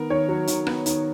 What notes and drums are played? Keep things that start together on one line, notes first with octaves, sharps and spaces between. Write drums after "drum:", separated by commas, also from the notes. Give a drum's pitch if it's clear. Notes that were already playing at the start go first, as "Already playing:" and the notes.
Already playing: D#3 B3 A#4
D#3 C#5
F#3
D#3, drum: hi-hat
B3, drum: rim click
D#3, drum: hi-hat